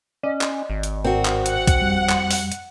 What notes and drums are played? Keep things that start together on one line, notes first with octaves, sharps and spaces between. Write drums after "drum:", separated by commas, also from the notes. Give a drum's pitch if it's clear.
C#4 D5 D#5
drum: clap
G#1
drum: hi-hat
G#2 C4 F#4 A#4 D5
drum: clap
F#5, drum: hi-hat
drum: kick B1, hi-hat
F2 G3
drum: clap
drum: open hi-hat
drum: hi-hat